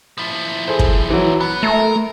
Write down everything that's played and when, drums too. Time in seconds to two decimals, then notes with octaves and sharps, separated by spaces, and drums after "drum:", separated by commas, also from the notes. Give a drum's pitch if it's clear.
0.18 F3 E4
0.68 G#4 A4 C5
0.79 drum: kick
1.10 E3 F#3
1.41 B3 B5
1.63 A3 A#4